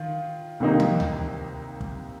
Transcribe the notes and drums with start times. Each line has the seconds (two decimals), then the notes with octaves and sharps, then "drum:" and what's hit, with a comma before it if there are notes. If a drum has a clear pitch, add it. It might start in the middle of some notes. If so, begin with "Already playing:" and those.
Already playing: D#3 F4
0.60 C2 C3 D#3 A#3 D#4
0.80 drum: tom
1.00 drum: tom D2
1.81 drum: kick